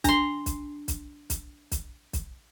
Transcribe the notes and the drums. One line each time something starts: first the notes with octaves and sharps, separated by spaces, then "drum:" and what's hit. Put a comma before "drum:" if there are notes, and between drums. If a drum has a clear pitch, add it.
D4 A#5 C6, drum: kick B1, hi-hat
drum: kick B1, hi-hat
drum: kick B1, hi-hat
drum: kick B1, hi-hat
drum: kick B1, hi-hat
drum: kick B1, hi-hat